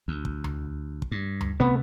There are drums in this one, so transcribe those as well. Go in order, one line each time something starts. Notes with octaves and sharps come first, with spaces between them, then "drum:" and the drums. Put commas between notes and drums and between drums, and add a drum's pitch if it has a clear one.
D2
drum: kick
drum: tom D2
drum: kick
G2
drum: tom D2
D2 C3 A3 B3